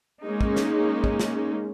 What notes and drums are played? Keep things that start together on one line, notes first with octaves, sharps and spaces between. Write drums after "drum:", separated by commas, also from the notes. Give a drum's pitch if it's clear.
G#3 A#3 C#4 D#4
drum: kick
drum: snare
drum: kick
drum: snare